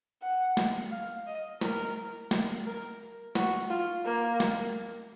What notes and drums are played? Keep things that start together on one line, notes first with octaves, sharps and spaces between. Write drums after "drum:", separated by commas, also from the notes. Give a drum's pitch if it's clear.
F#5
drum: snare
F5
D#5
A#4, drum: snare
drum: snare
A#4
F#4, drum: snare
F4
A#3
drum: snare